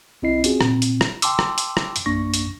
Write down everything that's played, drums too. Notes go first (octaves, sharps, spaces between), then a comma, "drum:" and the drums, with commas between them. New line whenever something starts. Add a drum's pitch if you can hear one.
B1 C4 E4 D#5 C7
C4 C#4 F4 F#4 G#4, drum: hi-hat
A#2 C4, drum: rim click
drum: hi-hat
drum: rim click
G5 A5 C6 D6 E6, drum: hi-hat
drum: rim click
drum: hi-hat
drum: rim click
drum: hi-hat
A#1 F#2 A#3 D4 C#6 A#6
drum: hi-hat